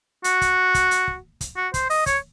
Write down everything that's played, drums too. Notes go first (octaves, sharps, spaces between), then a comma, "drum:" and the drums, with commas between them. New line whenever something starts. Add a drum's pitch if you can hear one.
F#4, drum: hi-hat
drum: kick, hi-hat
drum: kick, hi-hat
drum: hi-hat
drum: kick
drum: kick, hi-hat
F#4
C5, drum: kick, hi-hat
D#5, drum: open hi-hat
C#5, drum: kick, hi-hat